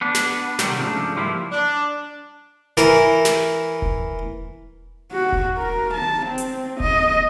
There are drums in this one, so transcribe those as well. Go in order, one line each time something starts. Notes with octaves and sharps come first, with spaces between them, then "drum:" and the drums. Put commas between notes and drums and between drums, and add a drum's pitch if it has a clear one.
B3 D4
drum: snare
C3 D#3 F#3 G3 A#3, drum: snare
G#2 C#3 F3 A3 D4
F3 G3 A#3 E4 F4 G4
D4
E3 A#4, drum: snare
drum: snare
drum: kick E1
F#4
drum: kick E1
A#4
A5
C4
drum: hi-hat
D#5, drum: kick E1